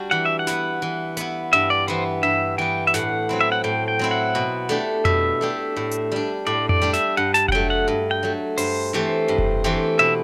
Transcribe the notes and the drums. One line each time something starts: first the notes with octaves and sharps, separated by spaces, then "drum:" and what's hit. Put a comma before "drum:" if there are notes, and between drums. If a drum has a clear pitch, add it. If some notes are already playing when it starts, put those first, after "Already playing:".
Already playing: G3 D4 F#4
E3 F#5
E5
F#5
B3 E4, drum: snare
E3
B3 E4, drum: hi-hat
G2 E5
D5
E3 B3 C5
G2 E5
E3 B3 G5
E5
A2 F#5, drum: snare
F#3 C4 E4
E5
F#5
A2 G5
G5
F#3 C4 E4
F#5
B2
A3 D4 G4
B2 E5, drum: tom F2
A3 D4 G4
A2
drum: hi-hat
G3 D4
A2 D5
D5, drum: tom F2
G3 D4
E5, drum: snare
G2 F#5
A5, drum: snare
F#5, drum: kick F1
F#3 A3 G5
F#5
G2
G5
F#3 A3
G2 C5, drum: open hi-hat
E3 A3 C4 G4
G2
drum: kick F1
E3 A3 C4 G4
B2 E5